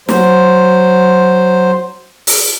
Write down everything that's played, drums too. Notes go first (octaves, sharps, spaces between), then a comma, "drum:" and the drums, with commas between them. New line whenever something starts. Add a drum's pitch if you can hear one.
F#3 C5, drum: snare
drum: open hi-hat